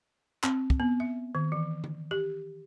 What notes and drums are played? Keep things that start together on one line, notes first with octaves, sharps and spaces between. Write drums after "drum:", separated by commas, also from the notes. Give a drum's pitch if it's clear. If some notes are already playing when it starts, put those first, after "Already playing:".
C4, drum: clap
drum: kick
B3
E5
D#3
E3
drum: tom D3
G4